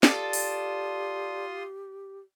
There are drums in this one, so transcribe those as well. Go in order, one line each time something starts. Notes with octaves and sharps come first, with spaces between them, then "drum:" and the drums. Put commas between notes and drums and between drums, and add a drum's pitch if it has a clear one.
F4 G4 A4 D5 C6 D#6, drum: snare
drum: open hi-hat